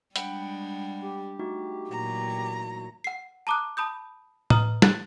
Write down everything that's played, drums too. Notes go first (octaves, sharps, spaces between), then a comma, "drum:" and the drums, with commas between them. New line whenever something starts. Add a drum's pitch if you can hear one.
G3 G#3 D4 F#5 G5 B5, drum: hi-hat
G4
A3 D#4 F#4
A#2 E3 F#3 A#5
F#5 C7
A5 A#5 D6 D#6 F#6
A5 B5 D#6 G6
B4 D#5 A#5 D#6 F6, drum: tom A2
F#6 A6 D7 F#7, drum: snare